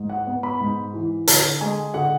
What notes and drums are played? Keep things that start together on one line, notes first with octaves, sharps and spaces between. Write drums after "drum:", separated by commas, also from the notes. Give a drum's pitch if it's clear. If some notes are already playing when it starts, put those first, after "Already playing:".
Already playing: G#2
F#5
B3
B5
G#2
E3
D3 A5, drum: hi-hat
G#3 G#5
D3 F#5